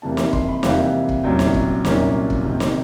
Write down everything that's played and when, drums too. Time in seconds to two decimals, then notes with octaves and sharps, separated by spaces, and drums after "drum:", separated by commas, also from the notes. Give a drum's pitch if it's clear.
0.02 F2 C3 E3 G3 A#3 A5
0.17 B5, drum: snare
0.33 C6, drum: kick F1
0.49 B5
0.63 F2 C3 E3 G3 A#3 F5, drum: snare
1.09 drum: kick F1
1.24 C2 A#2 F#3 A#3 C#4 G5
1.39 drum: snare
1.54 drum: kick F1
1.85 C2 A#2 F#3 A#3 C#4, drum: snare
2.30 drum: kick F1
2.45 F2 C3 D#3
2.60 drum: snare